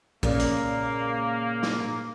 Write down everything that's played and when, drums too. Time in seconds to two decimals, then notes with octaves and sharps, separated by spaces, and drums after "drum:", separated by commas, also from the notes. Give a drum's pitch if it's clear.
0.23 A#2 C#3 G#3 A#3, drum: kick
0.39 drum: hi-hat
1.63 drum: snare